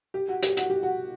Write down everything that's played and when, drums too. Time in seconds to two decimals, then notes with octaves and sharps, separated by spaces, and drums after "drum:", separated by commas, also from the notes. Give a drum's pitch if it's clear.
0.14 G4
0.28 F#4
0.43 G4, drum: hi-hat
0.57 F#4, drum: hi-hat
0.70 G4
0.83 F#4